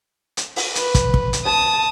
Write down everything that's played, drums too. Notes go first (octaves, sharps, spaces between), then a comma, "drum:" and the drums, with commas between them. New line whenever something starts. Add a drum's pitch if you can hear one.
drum: hi-hat
drum: open hi-hat
B4, drum: hi-hat
drum: kick, hi-hat
drum: kick
drum: hi-hat
A5 D#6